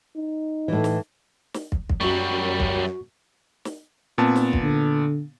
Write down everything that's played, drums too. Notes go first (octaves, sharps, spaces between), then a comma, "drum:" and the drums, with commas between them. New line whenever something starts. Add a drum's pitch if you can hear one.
D#4
A2 E3
drum: snare
drum: snare
drum: kick
drum: kick
F#2 F#3 G3 F#4 C#6
drum: kick
drum: snare
A#2 B3 C4 A5
drum: snare
drum: kick
D3